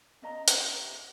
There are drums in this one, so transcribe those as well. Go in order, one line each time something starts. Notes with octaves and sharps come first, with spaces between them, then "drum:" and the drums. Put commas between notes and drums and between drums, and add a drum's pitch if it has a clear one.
C#4 D#5 A#5
E5, drum: hi-hat
G4